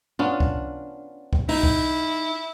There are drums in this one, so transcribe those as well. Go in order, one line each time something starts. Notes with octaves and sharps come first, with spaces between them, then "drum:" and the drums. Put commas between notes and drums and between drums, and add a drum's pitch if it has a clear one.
B3 C#4 D4 F4
drum: kick C2
drum: kick C2
D#4 E4, drum: open hi-hat
drum: kick C2